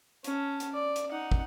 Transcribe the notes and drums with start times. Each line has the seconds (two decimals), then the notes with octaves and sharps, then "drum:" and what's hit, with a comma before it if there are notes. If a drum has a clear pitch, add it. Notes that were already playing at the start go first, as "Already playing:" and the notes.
0.24 C#4 A5, drum: hi-hat
0.60 drum: hi-hat
0.73 D5
0.96 drum: hi-hat
1.10 D#4 F#5
1.32 drum: kick